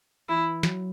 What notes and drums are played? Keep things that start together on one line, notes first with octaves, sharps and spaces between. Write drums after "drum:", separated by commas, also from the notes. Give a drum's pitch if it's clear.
E3 E4
F#3, drum: snare